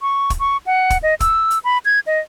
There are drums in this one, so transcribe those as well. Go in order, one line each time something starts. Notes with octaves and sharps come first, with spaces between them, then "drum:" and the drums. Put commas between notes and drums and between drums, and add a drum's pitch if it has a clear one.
C#6
drum: kick, hi-hat
C#6
F#5
drum: kick, hi-hat
D#5
E6, drum: kick, hi-hat
drum: hi-hat
B5
G#6
D#5